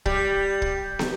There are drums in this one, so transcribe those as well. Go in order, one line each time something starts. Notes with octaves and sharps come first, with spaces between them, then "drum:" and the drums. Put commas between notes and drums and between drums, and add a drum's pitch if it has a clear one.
G3, drum: kick
drum: kick
drum: snare